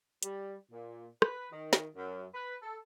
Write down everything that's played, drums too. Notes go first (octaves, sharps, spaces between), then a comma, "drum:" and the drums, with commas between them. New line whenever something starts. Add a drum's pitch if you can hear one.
G3, drum: hi-hat
A#2
B4, drum: rim click
D#3
drum: snare
F#2
B4
A4